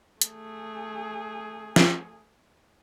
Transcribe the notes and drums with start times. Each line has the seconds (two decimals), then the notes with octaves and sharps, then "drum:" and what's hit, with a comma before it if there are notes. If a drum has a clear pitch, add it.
0.21 A3 G#4, drum: hi-hat
1.76 drum: snare